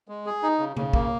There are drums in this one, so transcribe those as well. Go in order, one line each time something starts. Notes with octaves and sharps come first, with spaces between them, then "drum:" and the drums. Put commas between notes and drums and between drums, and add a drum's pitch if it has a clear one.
G#3
G#4
D#4
C#3
C#3, drum: tom C#3
A#3, drum: kick